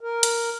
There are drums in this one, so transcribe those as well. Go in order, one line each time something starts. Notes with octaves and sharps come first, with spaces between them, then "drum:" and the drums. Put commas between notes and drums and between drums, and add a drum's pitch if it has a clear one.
A#4
drum: hi-hat